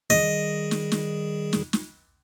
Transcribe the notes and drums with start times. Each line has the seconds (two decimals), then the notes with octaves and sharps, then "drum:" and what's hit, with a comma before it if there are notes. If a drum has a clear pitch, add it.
0.10 D#3 G3 G#4 D#5, drum: snare
0.71 drum: snare
0.92 drum: snare
1.53 drum: snare
1.73 drum: snare